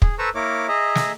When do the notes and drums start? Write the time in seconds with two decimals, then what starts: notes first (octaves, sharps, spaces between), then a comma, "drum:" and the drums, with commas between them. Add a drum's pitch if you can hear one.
0.02 G#4, drum: kick
0.19 A4 B4 C5 A#5 C#6 E6
0.35 A#3 E4 A#4 C#5 D6
0.68 G#4 D#5 E5 A#5
0.95 drum: snare